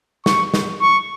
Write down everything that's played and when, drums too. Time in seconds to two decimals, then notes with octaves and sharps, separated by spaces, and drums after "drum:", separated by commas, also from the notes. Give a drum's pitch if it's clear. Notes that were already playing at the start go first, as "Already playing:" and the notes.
0.26 C#6, drum: snare
0.54 drum: snare
0.81 C#6